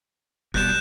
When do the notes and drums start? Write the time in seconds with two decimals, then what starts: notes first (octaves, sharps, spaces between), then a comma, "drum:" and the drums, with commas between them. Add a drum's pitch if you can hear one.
0.54 B2 G3 F#6 G6 E7, drum: kick F1